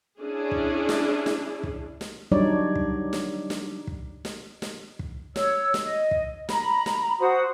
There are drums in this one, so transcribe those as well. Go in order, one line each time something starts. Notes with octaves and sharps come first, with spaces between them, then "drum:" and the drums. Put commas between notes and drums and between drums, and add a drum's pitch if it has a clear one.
C#4 D4 E4 G#4
drum: kick
drum: snare
drum: snare
drum: kick
drum: snare
F#3 G3 D4 D#4 C#5 D5
drum: kick
drum: snare
drum: snare
drum: kick
drum: snare
drum: snare
drum: kick
C#5 E6, drum: snare
drum: snare
D#5
drum: kick
A#5 B5, drum: snare
drum: snare
F#4 C5 D#6